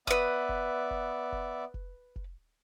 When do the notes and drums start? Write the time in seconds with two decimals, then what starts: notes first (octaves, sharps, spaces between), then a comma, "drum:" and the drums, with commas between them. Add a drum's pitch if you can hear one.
0.07 B3 B4 D5 E5 D#6, drum: kick F1
0.49 drum: kick F1
0.91 drum: kick F1
1.32 drum: kick F1
1.74 drum: kick F1
2.16 drum: kick F1